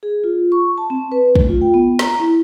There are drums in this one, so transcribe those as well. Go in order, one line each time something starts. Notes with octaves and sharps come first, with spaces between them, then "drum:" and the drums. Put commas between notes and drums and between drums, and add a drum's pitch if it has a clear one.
G#4
F4
C#6
A5
C4
B4
A3, drum: kick
F4
G5
B3
A#5, drum: snare
E4